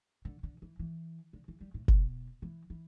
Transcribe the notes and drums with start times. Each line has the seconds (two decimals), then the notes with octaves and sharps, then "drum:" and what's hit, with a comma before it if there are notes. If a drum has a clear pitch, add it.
0.25 D3
0.43 D3
0.62 E3
0.79 E3
1.33 D3
1.48 E3
1.61 G3
1.74 A2
1.88 B2, drum: kick F#1
2.42 E3
2.70 E3